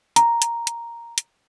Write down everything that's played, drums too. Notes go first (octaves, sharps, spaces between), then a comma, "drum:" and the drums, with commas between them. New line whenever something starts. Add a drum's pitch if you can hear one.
A#5, drum: hi-hat
drum: hi-hat
drum: hi-hat
drum: hi-hat